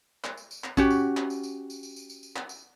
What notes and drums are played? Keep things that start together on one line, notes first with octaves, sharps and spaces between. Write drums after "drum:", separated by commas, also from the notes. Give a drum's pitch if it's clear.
drum: clap
drum: tambourine
drum: tambourine
drum: clap
C#4 F#4 G4, drum: kick, tambourine
drum: tambourine
drum: clap
drum: tambourine
drum: tambourine
drum: tambourine
drum: tambourine
drum: tambourine
drum: tambourine
drum: tambourine
drum: clap
drum: tambourine